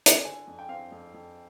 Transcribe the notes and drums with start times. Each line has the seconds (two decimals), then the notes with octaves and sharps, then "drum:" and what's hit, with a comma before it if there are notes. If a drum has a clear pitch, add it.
0.06 drum: hi-hat
0.24 D3 G#5
0.47 F2
0.59 G5
0.69 C4 F5
0.92 F2
1.14 F2